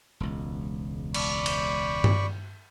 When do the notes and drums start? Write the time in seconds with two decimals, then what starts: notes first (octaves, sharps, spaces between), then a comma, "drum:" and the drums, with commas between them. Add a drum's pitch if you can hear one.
0.20 E1 C#2
1.14 D5 B5 C#6, drum: cymbal
1.46 drum: cymbal
2.04 drum: tom G2